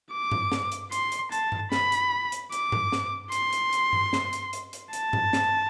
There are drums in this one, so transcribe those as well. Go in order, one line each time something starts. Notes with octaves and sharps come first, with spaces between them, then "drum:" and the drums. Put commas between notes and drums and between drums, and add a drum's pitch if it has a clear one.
D6
drum: tom G2
drum: snare
drum: hi-hat
C6, drum: hi-hat
drum: hi-hat
A5, drum: hi-hat
drum: tom G2
B5, drum: snare
drum: hi-hat
drum: hi-hat
D6, drum: hi-hat
drum: tom G2
drum: snare
C6, drum: hi-hat
drum: hi-hat
drum: hi-hat
drum: tom G2
drum: snare
drum: hi-hat
drum: hi-hat
drum: hi-hat
A5, drum: hi-hat
drum: tom G2
drum: snare